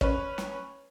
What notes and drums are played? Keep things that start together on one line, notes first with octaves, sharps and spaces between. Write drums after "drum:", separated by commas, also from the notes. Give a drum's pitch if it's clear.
C#4 B4, drum: kick
drum: snare